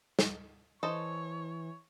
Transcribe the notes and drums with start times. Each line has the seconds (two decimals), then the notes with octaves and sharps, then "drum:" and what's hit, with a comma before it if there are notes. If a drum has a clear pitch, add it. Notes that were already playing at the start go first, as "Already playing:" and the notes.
0.19 drum: snare
0.83 E3 A4 C5 C#5 D#5